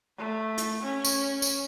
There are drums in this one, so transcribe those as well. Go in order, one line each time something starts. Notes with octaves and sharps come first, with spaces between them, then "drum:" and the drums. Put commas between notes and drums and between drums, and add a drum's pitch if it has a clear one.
A3
drum: hi-hat
C#4
drum: tambourine
drum: tambourine